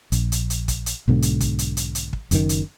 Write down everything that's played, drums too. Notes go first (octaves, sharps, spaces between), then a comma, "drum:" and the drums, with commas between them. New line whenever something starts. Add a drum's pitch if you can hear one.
A#1, drum: hi-hat
drum: hi-hat
drum: hi-hat
drum: kick, hi-hat
drum: hi-hat
B1 G#2 B2 D3
drum: hi-hat
drum: kick, hi-hat
drum: hi-hat
drum: hi-hat
drum: hi-hat
drum: kick
F#1 F#2 A#2 D#3, drum: hi-hat
drum: hi-hat